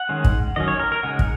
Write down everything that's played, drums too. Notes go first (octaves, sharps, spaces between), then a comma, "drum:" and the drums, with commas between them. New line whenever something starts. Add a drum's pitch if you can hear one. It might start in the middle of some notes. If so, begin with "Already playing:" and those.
Already playing: F#5
D#3 G#3 C#4
drum: kick
D#3 F#3 C#4 D#5
C#5
A#4
A#4
C#3 G#3 D#4 F#5
drum: kick